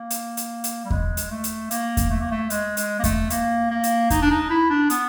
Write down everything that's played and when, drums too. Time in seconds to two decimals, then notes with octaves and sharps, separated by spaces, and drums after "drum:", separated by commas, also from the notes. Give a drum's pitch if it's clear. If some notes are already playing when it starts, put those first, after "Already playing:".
Already playing: A#3
0.10 drum: hi-hat
0.37 drum: hi-hat
0.64 drum: hi-hat
0.85 G3
0.90 G#3, drum: kick E2
1.17 drum: hi-hat
1.30 A3
1.44 drum: hi-hat
1.71 A#3, drum: hi-hat
1.97 drum: kick E2, hi-hat
2.10 A3
2.21 A#3
2.31 A3
2.50 G#3, drum: hi-hat
2.77 G#3, drum: hi-hat
2.99 A#3
3.04 A3, drum: kick E2, hi-hat
3.30 A#3, drum: hi-hat
3.71 A#3
3.84 drum: hi-hat
4.10 D#4, drum: kick E2, hi-hat
4.22 D4
4.31 D#4
4.50 E4
4.70 D4
4.90 B3, drum: hi-hat